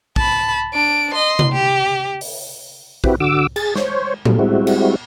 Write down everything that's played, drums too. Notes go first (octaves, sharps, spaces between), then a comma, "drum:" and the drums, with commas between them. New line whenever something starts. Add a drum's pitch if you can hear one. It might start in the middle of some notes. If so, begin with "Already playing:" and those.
A5 B5, drum: kick
D4 D7
D#5 C6
drum: tom C3
G4
drum: open hi-hat
C4 E4 F#4 G4 B4, drum: kick
D3 F#4 D6 E6
G#4 A6, drum: cymbal
C5 C#5, drum: snare
A#2 F#3 G3 A3, drum: tom
G3 G#3 C4 E4 F#4
drum: cymbal